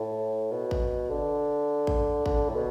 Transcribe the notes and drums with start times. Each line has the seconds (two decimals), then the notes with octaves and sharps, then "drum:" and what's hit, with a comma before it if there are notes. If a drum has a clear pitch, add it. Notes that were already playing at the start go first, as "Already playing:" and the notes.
Already playing: A2
0.51 B2
0.71 drum: kick G#1
1.09 D3
1.87 drum: kick G#1
2.26 D3, drum: kick G#1
2.49 A2
2.55 B2